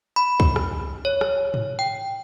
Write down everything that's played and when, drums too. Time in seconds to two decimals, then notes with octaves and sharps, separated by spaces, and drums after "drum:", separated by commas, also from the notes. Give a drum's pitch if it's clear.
0.16 B5
0.40 drum: kick
0.56 drum: rim click
1.05 C#5
1.21 drum: rim click
1.54 drum: tom G#2
1.79 G5